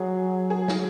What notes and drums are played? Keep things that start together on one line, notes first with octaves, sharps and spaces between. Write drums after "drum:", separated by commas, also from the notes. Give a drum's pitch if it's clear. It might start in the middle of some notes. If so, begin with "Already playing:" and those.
Already playing: F#3 G#4
G#4
drum: snare